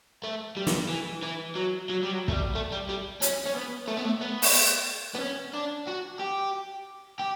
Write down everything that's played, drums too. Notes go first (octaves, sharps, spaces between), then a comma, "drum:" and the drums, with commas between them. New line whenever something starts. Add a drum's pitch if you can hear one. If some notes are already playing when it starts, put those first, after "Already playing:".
A3
G3
drum: snare
E3
E3
F#3
F#3
G3
F#3
A3, drum: kick
G3
A3
G3
G3
C#4, drum: hi-hat
C#4
B3
A3
B3
A3
B3
drum: open hi-hat
B3
C#4
D4
F#4
G4
G4